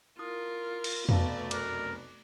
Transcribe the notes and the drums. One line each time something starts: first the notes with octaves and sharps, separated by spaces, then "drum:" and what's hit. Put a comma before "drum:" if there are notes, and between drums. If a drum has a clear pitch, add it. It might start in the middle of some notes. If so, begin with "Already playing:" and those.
E4 F4 A#4 D#6
drum: cymbal
F1 B1 F#2 A3 B4 D5 F5 A5, drum: tom
A#4 D6 F#6, drum: cymbal